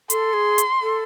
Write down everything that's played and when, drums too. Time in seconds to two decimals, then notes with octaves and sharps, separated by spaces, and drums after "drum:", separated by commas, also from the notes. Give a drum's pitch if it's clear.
0.10 A4 C6, drum: hi-hat
0.34 G#4
0.58 drum: hi-hat
0.82 A4